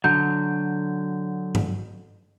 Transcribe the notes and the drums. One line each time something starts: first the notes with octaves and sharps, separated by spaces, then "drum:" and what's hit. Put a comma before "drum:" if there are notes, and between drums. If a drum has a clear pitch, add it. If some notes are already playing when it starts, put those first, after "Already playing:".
D3 F#3 G6
drum: tom G2